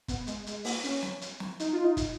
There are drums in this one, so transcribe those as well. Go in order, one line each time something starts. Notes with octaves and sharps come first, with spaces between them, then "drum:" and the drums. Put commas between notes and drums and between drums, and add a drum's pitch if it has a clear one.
B3, drum: kick, hi-hat
G#3, drum: hi-hat
G#3, drum: hi-hat
A#3, drum: open hi-hat
C#4, drum: hi-hat
drum: snare
drum: hi-hat
drum: snare
D#4, drum: hi-hat
F4
D#4
drum: kick, hi-hat